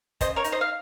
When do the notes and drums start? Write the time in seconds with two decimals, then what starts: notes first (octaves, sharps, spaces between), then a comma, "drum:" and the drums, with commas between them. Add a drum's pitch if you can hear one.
0.21 C#3 C5 D#5, drum: kick, hi-hat
0.36 A#4 C#5
0.44 D#4, drum: hi-hat
0.52 C5 D#5
0.61 F5